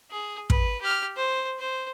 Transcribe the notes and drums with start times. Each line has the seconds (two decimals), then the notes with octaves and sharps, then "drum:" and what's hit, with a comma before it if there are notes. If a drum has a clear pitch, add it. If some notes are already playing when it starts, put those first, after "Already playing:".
0.10 G#4
0.50 B4, drum: kick
0.81 G4 F6
1.16 C5
1.59 C5